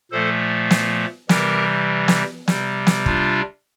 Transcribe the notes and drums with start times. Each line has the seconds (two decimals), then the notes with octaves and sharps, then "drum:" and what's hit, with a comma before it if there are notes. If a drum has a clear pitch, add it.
0.11 A#2 F3 A3 A4 C5
0.71 drum: snare
1.29 C3 E3 G3 G4 A#4, drum: snare
2.08 drum: snare
2.48 C3 G3, drum: snare
2.87 drum: snare
3.06 D4 F4, drum: kick